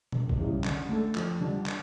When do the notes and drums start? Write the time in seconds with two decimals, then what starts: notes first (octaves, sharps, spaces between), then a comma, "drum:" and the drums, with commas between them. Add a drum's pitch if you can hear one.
0.12 E1, drum: tom B2
0.29 drum: kick A1
0.39 E2 C#3 E3 G3
0.64 D3, drum: clap
0.89 A3 D4 A4
1.15 F2, drum: clap
1.41 D3 G3 D4
1.66 drum: clap